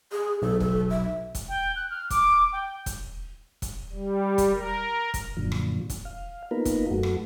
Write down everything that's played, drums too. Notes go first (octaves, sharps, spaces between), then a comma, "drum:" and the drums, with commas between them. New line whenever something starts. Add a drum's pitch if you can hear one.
G#4
B1 A4
A4, drum: kick F1
E5
drum: kick F1, hi-hat
G5
F#6
F6
D6, drum: kick F1, hi-hat
G5
drum: kick F1, hi-hat
drum: kick F1, hi-hat
G3
drum: kick F1, hi-hat
A#4
drum: kick F1, hi-hat
F#2 A#2 D3 F3
drum: rim click
drum: kick F1, hi-hat
F5
A#3 B3 D#4 F4 A#4 B4
drum: kick F1, hi-hat
F#2 A3 F#4
drum: rim click